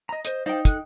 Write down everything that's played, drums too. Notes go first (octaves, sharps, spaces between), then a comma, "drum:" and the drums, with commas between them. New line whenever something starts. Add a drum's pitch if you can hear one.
D#5 A#5
C5 D#5, drum: hi-hat
D#4 C5 D5 F5 G5
A4 F#6, drum: kick, hi-hat